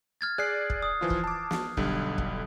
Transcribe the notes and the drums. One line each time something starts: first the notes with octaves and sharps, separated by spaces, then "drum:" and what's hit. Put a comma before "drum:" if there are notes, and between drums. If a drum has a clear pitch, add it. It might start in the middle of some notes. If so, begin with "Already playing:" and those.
F6 G#6 A6
G#4 D5 F#6 C7
drum: kick
D#6
E3 F3 F4
drum: kick
A5 D6
drum: snare
B1 D3 G3, drum: kick
drum: kick